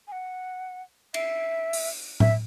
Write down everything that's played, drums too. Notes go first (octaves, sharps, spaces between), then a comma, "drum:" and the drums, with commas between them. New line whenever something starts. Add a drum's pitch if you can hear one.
G#5
F#5
E5, drum: cymbal
drum: open hi-hat
E5, drum: tom A2